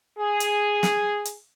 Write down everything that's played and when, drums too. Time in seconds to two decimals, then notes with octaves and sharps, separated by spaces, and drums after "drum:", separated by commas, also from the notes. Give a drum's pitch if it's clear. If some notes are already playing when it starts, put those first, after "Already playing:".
0.19 G#4
0.40 drum: hi-hat
0.83 drum: snare
1.25 drum: hi-hat